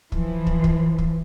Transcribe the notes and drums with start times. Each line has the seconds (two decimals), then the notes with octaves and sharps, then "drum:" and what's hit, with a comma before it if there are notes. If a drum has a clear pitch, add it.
0.12 E3 F3, drum: kick
0.47 drum: kick
0.64 drum: kick
0.98 drum: kick